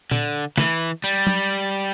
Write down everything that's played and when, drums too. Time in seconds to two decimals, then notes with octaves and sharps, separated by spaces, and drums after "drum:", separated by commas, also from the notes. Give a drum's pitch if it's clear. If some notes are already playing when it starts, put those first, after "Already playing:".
0.11 D3, drum: tom A#2
0.58 E3, drum: snare
1.04 G3
1.27 drum: tom F#3